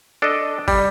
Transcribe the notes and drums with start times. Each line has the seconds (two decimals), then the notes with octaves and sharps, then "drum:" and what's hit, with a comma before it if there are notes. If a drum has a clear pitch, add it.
0.22 D4 A4 D#5
0.68 G3, drum: kick, open hi-hat